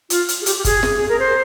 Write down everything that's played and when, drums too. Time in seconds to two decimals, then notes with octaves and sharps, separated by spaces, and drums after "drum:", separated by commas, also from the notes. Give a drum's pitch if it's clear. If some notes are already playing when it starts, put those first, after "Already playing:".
0.10 F4, drum: hi-hat
0.28 drum: hi-hat
0.42 G#4
0.46 G4, drum: hi-hat
0.58 G4
0.65 G#4, drum: kick, hi-hat
0.83 drum: snare
0.97 G#4
1.09 A#4
1.19 C5